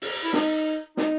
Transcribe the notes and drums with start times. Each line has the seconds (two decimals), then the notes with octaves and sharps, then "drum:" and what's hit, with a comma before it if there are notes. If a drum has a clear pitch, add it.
0.02 drum: open hi-hat
0.24 E4
0.33 D#4, drum: snare
0.97 D#4, drum: snare